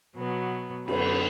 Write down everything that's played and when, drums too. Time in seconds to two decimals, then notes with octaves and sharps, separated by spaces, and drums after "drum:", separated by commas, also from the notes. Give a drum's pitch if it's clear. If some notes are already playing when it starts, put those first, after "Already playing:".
0.16 B2 F#3 B3
0.88 F#2 D3 B3 B4, drum: cymbal